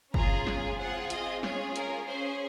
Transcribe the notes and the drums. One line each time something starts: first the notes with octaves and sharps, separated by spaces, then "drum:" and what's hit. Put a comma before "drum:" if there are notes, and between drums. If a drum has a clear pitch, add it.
C#4 F4 G#4 A#5, drum: kick
drum: snare
C4 F4 G#4 F#5
D#5, drum: hi-hat
C#4 F4 G#4 C#5, drum: snare
A#4, drum: hi-hat
C#4 G#4 C5